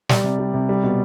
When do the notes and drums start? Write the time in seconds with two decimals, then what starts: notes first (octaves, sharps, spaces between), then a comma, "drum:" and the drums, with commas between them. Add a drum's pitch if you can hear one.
0.09 G3 D5, drum: snare
0.24 C3
0.39 G3
0.54 C3
0.69 G3
0.84 B2